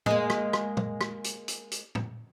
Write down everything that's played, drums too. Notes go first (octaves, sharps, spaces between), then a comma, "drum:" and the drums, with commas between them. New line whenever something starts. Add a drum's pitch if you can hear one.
G#3 A#3, drum: tom A2
drum: rim click
drum: rim click
drum: tom
drum: rim click
drum: hi-hat
drum: hi-hat
drum: hi-hat
drum: tom A2